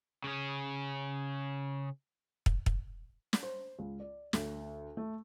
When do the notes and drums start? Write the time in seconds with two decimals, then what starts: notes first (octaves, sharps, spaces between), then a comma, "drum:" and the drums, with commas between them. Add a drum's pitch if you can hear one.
0.24 C#3 C#4
2.46 drum: kick
2.66 drum: kick
3.33 drum: snare
3.43 C5
3.79 C#2
4.00 D5
4.33 D2, drum: snare
4.97 A3